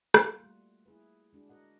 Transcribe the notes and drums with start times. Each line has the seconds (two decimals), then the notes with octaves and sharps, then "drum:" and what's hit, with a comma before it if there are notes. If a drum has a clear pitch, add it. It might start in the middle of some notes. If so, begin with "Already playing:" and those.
0.14 G3 A#3 F4 F#4 F#5, drum: rim click
0.40 G3 A3
0.86 E4 G#4 B4
1.33 G#3 D4 F#4 G#4
1.49 F#4 A#4 D#5 F#5